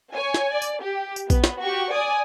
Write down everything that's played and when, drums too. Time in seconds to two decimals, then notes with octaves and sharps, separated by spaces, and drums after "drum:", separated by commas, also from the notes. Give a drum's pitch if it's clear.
0.12 C#5 G#5
0.34 drum: snare
0.52 D5
0.62 drum: tambourine
0.81 G4
1.16 drum: tambourine
1.30 B3, drum: kick A#1, tambourine
1.44 drum: snare
1.63 F#4 G4 C#6
1.92 D5 G#5 D#6